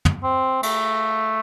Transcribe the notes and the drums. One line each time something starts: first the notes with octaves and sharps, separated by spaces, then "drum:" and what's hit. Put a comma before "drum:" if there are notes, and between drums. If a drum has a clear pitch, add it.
drum: tom
C4
A3, drum: cymbal